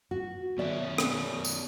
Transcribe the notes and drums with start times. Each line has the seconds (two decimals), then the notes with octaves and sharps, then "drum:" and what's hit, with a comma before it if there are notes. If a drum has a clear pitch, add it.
0.11 F#4
0.59 B2 C#4 D5 E5
0.98 drum: rim click
1.45 drum: tambourine